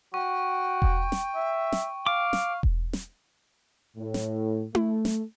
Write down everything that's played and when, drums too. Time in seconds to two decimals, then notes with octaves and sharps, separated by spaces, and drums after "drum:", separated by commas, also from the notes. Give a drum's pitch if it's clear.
0.14 F#4 G5 C#6
0.82 drum: kick E1
1.12 drum: snare
1.36 E5
1.72 drum: snare
2.06 F5 D6
2.33 drum: snare
2.63 drum: kick E1
2.93 drum: snare
3.97 A2
4.14 drum: snare
4.75 A3, drum: tom E4
5.05 drum: snare